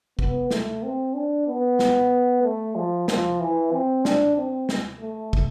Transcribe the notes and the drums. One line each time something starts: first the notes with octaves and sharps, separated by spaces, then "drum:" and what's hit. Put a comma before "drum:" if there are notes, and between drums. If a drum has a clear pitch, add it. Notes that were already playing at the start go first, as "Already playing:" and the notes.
B3, drum: kick
A3, drum: snare
C4
D4
B3
drum: snare
A3
F3
F3, drum: snare
E3
C4
D4, drum: snare
C4
drum: snare
A3
drum: kick